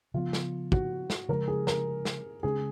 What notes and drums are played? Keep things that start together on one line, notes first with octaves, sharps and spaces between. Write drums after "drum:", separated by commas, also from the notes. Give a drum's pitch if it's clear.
C#3 F3 B3 F4
drum: snare
F#4, drum: kick
drum: snare
C#3 F3 G#3 A#4
G#4
A#4, drum: snare
drum: snare
C#3 G#3 C#4 G#4